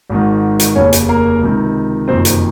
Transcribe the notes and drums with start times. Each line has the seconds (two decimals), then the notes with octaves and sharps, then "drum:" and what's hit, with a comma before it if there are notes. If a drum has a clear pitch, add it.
0.10 G#1 G#2 D#3
0.60 drum: hi-hat
0.75 F1 D#2 C#3 C#4 C#5
0.93 drum: hi-hat
1.09 A#3 A#4
1.42 C#2 C3 D#3
2.08 F#1 F2 C3 D#3 C4 C5
2.25 drum: hi-hat